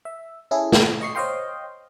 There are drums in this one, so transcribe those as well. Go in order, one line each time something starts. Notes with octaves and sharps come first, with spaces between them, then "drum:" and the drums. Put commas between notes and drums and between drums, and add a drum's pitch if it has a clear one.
E5
C#4 E4 G#4 A4
drum: snare
D#5 C#6 C7
C5 C#5 D#5 F5 G5 C6